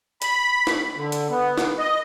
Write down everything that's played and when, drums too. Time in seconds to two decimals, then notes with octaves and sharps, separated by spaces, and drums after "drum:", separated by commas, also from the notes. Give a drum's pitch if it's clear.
0.22 B5, drum: hi-hat
0.67 drum: snare
0.96 D3
1.12 drum: hi-hat
1.30 B3
1.58 drum: snare
1.79 D#5